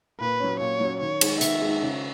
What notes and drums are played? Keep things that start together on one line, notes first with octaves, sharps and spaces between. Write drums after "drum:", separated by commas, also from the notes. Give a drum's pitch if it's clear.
A#2 B4
F#3 C#4
A#2 C#5
F#3 C#4
D#3 C#5
G#3 D#4, drum: cymbal
D#3 E5, drum: hi-hat
G#3 D#4
C#3